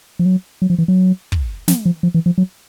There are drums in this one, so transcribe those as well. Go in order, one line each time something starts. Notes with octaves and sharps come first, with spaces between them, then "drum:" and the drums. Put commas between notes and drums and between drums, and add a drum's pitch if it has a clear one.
F3
F#3
F#3
F3
E3
F#3
drum: kick
F3, drum: snare
F3
F3
E3
F3
F#3